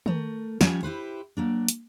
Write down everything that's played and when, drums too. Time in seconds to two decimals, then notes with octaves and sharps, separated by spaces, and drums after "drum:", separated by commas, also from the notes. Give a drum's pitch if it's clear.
0.06 A3 A#4, drum: tom D#3
0.61 F3 G3 C#4 G#5, drum: snare
0.83 E4 G4 B4 C5
1.37 F#3 A#3 D4
1.68 drum: hi-hat